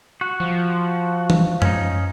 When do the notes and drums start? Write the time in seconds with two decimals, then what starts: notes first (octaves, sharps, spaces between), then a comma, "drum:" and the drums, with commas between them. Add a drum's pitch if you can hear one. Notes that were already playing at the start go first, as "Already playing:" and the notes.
0.21 F#4
0.40 F3
1.30 drum: tom E3
1.62 C#4 D#4, drum: tom F#2